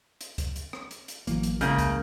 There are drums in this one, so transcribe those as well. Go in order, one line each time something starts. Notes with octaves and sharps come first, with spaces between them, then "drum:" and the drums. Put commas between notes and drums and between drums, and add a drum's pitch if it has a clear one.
drum: hi-hat
drum: kick C#2, hi-hat
drum: hi-hat
drum: rim click
drum: hi-hat
drum: hi-hat
A1 E3 F#3 A#3, drum: hi-hat
drum: hi-hat
A1 C#3 G#3 A#3 F6 G6, drum: hi-hat
drum: kick C#2, hi-hat